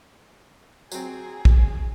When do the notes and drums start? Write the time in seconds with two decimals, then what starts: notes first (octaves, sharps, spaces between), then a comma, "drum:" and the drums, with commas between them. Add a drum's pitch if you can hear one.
0.92 F#3 C4 G#4, drum: tambourine
1.45 drum: kick